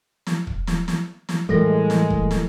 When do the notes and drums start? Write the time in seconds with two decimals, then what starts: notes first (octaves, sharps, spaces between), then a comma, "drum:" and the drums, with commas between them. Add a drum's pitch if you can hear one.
0.27 drum: snare
0.47 drum: kick
0.67 drum: snare
0.88 drum: snare
1.29 drum: snare
1.49 A2 E3 G3 G#3 A4 A#4 A#6
1.90 drum: snare
2.10 drum: kick
2.31 drum: snare